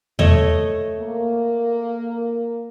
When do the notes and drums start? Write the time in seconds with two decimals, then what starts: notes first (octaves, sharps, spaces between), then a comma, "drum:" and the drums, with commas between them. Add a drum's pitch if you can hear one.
0.19 A3 C#5 D#5, drum: tom E2
1.00 A#3